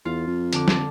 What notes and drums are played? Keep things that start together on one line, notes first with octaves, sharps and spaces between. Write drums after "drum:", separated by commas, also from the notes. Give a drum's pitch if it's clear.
E2 F4
F2
D3 A5 D6, drum: hi-hat
drum: snare